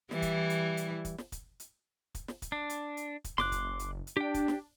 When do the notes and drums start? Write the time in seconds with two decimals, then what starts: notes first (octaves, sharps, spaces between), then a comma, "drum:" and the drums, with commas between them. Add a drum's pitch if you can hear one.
0.11 E3 G3 E4, drum: snare
0.22 drum: kick, hi-hat
0.50 drum: hi-hat
0.77 drum: hi-hat
1.05 drum: kick, hi-hat
1.18 drum: snare
1.32 drum: kick, hi-hat
1.60 drum: hi-hat
2.15 drum: kick, hi-hat
2.28 drum: snare
2.42 drum: kick, hi-hat
2.52 D4
2.70 drum: hi-hat
2.97 drum: hi-hat
3.24 drum: kick, hi-hat
3.38 F#1 C6 D6 F#6, drum: snare
3.52 drum: kick, hi-hat
3.79 drum: hi-hat
4.07 drum: hi-hat
4.17 D4 G4 G5
4.34 drum: kick, hi-hat
4.48 drum: snare